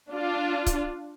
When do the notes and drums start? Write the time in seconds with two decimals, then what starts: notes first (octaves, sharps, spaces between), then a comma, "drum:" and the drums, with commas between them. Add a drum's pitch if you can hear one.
0.11 D4 F4
0.67 drum: kick C#1, hi-hat